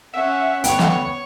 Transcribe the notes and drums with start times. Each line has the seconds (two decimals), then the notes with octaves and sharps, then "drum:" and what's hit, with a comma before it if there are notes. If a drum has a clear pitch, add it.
0.14 C#4 E5 F#5
0.64 D2 B3 C#5 G5, drum: hi-hat
0.79 drum: snare